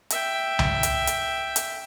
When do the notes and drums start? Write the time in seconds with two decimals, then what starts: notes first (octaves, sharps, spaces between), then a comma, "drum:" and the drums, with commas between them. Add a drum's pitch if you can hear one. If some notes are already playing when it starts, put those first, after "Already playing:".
0.10 E5 G5, drum: hi-hat
0.59 drum: tom C2
0.83 drum: hi-hat
1.07 drum: hi-hat
1.56 drum: hi-hat